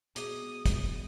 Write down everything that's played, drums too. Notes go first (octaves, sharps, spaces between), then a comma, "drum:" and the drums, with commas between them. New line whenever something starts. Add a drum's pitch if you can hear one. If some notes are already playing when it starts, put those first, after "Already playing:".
B2 G#4 D6 D#6, drum: hi-hat
drum: kick, hi-hat